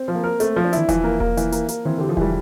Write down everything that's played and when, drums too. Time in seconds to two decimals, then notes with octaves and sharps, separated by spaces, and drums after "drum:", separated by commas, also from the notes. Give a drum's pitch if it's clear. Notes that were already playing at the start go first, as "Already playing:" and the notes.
Already playing: C4
0.08 F3
0.15 A#3
0.24 A#4
0.40 A3 C4, drum: hi-hat
0.56 F3
0.65 D4
0.73 E3 E4, drum: hi-hat
0.89 E3 F3, drum: kick E1, hi-hat
1.04 A#3
1.20 A#3, drum: kick E1
1.37 E3, drum: hi-hat
1.52 A#3, drum: hi-hat
1.68 A#3, drum: hi-hat
1.85 E3 C4
1.98 D3 G4
2.09 F3
2.17 E3 G3, drum: kick E1